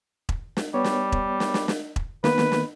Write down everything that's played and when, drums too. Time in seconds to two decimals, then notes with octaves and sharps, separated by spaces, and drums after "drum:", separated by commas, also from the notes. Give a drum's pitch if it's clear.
0.29 drum: kick E1
0.57 drum: snare
0.74 G3 B3 C#5
0.84 drum: snare
1.12 drum: kick E1
1.40 drum: snare
1.54 drum: snare
1.68 drum: snare
1.96 drum: kick E1
2.24 D#3 A#3 B3 B4, drum: snare
2.38 drum: snare
2.52 drum: snare